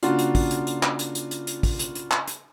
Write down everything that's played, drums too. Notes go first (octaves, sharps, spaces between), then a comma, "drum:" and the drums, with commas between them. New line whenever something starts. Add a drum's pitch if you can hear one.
C#3 A#3 D4 F4 F#4, drum: hi-hat
drum: hi-hat
drum: kick, open hi-hat
drum: hi-hat
drum: hi-hat
drum: clap
drum: hi-hat
drum: hi-hat
drum: hi-hat
drum: hi-hat
drum: kick, open hi-hat
drum: hi-hat
drum: hi-hat
drum: clap
drum: hi-hat